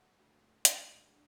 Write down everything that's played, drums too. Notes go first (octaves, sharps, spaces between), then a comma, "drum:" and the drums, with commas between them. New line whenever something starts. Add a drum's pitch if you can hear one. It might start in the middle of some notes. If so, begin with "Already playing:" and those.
Already playing: E1 F#5 G#5
D2 D3
E1, drum: hi-hat
D3